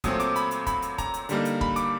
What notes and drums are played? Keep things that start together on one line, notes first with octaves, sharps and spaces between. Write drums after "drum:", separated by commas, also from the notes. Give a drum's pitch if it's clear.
A#2 F#3 A3 C4 D#6, drum: kick, hi-hat
D6, drum: hi-hat
B5, drum: hi-hat
drum: hi-hat
B5, drum: kick, hi-hat
drum: hi-hat
A#5, drum: kick, hi-hat
drum: hi-hat
D3 G3 A#3 D#4, drum: hi-hat
drum: hi-hat
B5, drum: kick
D6, drum: hi-hat